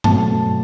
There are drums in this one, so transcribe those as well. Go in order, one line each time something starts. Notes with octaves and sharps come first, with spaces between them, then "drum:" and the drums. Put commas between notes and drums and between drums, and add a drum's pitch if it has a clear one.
B2 F#3 A3 C4 A5, drum: tom G2